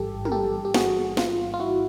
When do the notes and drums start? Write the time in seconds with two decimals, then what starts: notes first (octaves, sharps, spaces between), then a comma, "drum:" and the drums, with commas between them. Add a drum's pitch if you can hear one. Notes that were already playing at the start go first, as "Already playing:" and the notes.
Already playing: A1 G#2 E3 G3 G4 A4
0.25 A#4, drum: tom
0.32 G4 A4
0.65 G4
0.74 F#4 G#4, drum: snare
1.17 F4, drum: snare
1.54 F4
1.60 E4 F#4